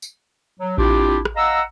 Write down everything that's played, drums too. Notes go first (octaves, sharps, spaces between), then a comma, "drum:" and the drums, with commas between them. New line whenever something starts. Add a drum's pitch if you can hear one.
drum: tambourine
F#3
C4 D4 E4 F4 G4, drum: kick A1
drum: rim click
D#5 F5 F#5 A#5 E6